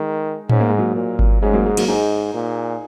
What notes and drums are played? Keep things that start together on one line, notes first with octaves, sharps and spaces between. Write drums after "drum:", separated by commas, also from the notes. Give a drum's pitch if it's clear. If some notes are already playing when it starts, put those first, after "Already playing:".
Already playing: D#3 G#3
G#2 C#4, drum: tom A2
A#3
G#3
F#3 A#3
A#2
drum: kick G1
G#2 G#3 C#4
F#3 A#3
G#3
F#3 A#3, drum: cymbal
G#2 D#4 G#4
A#2